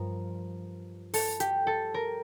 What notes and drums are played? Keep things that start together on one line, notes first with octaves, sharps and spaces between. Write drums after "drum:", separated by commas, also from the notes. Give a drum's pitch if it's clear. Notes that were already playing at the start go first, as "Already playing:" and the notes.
Already playing: G2 F3 A#4
A4, drum: open hi-hat
G4, drum: hi-hat
A4
A#4